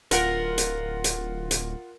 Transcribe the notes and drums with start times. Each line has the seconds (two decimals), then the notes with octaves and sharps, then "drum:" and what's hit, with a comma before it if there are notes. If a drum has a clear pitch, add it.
0.11 D1 F4 A#4 F#5, drum: hi-hat
0.58 drum: hi-hat
1.04 drum: hi-hat
1.51 drum: hi-hat